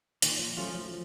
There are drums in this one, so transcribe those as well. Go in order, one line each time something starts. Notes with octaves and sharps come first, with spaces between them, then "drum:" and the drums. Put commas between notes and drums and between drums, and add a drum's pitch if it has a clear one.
A#2 D#3, drum: hi-hat
F3
F3 F#3 A3 C#4 F4
F3